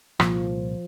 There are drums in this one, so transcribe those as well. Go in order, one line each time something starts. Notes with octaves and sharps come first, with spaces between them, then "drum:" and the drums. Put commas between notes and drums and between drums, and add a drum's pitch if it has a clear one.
C2 A#2 F3 A#3, drum: rim click